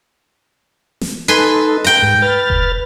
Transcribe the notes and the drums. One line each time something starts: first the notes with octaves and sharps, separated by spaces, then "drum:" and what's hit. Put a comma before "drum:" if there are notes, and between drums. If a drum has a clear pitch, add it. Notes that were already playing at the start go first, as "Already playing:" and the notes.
drum: snare
D#4 A4 B4 G#5 C6
G5 A#5
G#2
B4 F6 A6
drum: kick E1